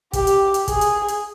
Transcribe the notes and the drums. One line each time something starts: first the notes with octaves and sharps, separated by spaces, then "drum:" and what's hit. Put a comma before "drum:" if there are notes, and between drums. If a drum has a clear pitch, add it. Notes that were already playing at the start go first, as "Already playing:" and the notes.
G4, drum: kick, hi-hat
drum: hi-hat
drum: hi-hat
G#4, drum: kick, hi-hat
drum: hi-hat
drum: hi-hat